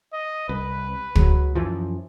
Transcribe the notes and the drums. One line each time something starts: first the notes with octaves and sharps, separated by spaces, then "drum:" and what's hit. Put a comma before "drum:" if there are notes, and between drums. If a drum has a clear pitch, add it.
D#5
C2 B4
F#3 G#3, drum: kick
F#2 E3 F3